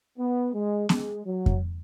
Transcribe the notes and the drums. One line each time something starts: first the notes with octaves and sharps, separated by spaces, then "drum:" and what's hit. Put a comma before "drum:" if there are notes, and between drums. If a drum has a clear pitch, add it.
B3
G#3
G#3, drum: snare B3
F#3
drum: kick F2